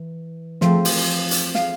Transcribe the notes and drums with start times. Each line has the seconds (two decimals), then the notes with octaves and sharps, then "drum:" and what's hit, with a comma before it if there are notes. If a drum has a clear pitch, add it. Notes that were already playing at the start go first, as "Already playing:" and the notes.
Already playing: E3
0.61 F3 A3 C4, drum: snare
0.85 drum: open hi-hat
1.31 drum: hi-hat
1.55 F5, drum: snare